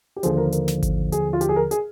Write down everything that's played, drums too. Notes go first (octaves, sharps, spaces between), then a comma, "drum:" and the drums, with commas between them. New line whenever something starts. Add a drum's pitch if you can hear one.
G4
D#2 D3 F3 G#4, drum: hi-hat
A#4
A#4, drum: hi-hat
drum: snare
drum: kick G#1, hi-hat
G#4, drum: hi-hat
F4
G4, drum: hi-hat
G#4
A#4
G#4, drum: hi-hat